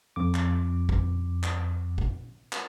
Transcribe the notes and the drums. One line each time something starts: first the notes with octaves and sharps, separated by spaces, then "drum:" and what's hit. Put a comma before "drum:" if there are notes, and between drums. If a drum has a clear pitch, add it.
F2 D6
drum: clap
drum: kick G1
drum: clap
drum: kick G1
drum: clap